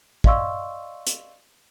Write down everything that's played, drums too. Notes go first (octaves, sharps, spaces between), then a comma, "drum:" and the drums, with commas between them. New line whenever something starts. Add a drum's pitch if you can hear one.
D5 D#5 F5 C6 C#6 E6, drum: kick
drum: hi-hat